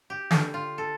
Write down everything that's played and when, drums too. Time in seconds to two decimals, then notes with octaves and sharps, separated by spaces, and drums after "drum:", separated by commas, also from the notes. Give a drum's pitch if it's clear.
0.10 G4
0.31 D3, drum: snare
0.54 F4
0.78 A4